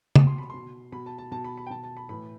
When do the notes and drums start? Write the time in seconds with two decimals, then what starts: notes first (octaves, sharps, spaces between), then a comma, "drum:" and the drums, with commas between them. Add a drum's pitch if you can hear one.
0.16 B2, drum: tom
0.27 C6
0.38 B5
0.50 B2 C6
0.92 B2 B5
1.06 A5
1.18 A5
1.32 B2 A5
1.44 B5
1.57 B5
1.67 G5
1.70 B2 A5
1.83 A5
1.97 B5
2.09 A2 E3 B5